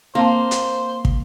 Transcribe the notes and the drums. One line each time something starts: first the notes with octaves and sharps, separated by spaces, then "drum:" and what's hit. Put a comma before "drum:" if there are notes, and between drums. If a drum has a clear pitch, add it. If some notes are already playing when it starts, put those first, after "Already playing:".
A#3 C4 C5 F5 A5
drum: hi-hat
drum: kick